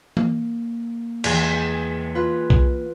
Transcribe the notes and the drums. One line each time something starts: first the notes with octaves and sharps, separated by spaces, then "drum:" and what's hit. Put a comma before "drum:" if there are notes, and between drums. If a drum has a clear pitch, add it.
A#3, drum: tom E3
E2 E3 G#3, drum: cymbal
F4 B4
drum: kick B1